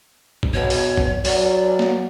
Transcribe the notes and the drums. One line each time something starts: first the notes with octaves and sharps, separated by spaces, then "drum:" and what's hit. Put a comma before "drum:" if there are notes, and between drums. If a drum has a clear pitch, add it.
drum: kick
B2 C#5
drum: open hi-hat
drum: kick
F#3 D5, drum: open hi-hat
drum: snare A#3